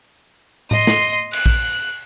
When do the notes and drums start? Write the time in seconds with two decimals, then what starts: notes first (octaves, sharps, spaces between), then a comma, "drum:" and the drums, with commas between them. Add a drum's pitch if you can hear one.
0.71 D#5 C6, drum: tom A2
0.87 drum: snare
1.33 F#6, drum: cymbal
1.46 drum: kick